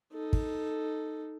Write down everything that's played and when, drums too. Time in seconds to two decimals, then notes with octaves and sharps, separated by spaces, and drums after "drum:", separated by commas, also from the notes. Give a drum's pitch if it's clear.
0.13 D#4 A4
0.33 drum: kick